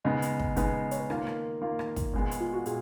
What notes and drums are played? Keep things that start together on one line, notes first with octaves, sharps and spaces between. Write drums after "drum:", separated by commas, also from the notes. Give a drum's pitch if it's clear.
C#3 G#3 B3 D#4 D#5
drum: hi-hat
drum: kick
C#3 G#3 B3 D#4 B4, drum: hi-hat
C#5, drum: hi-hat
B4
D#3 A#3 F4 A#4, drum: rim click
drum: rim click
D#3 A#3 F4
drum: rim click
drum: kick, hi-hat
A#2 G#3 B3
drum: hi-hat
F4
F#4
A#2 G#4, drum: hi-hat